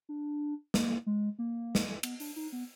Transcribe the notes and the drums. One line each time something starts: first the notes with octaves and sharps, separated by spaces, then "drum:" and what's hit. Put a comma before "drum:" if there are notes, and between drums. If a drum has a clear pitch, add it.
D4
A#3, drum: snare
G#3
A#3
drum: snare
B3, drum: cymbal
D4, drum: open hi-hat
D#4
B3